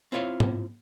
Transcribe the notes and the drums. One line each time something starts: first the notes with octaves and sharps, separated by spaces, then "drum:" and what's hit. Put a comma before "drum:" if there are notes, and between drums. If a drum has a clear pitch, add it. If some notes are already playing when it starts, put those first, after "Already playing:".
C4 E4 F4 C#5 F5
drum: tom